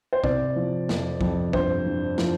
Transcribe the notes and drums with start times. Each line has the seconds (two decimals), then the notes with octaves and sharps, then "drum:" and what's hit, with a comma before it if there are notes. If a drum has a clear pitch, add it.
0.13 C5
0.24 C3 D5, drum: kick
0.56 F3
0.89 F2, drum: snare
1.21 F2, drum: kick
1.53 G2 C5, drum: kick
1.86 G2
2.18 F3, drum: snare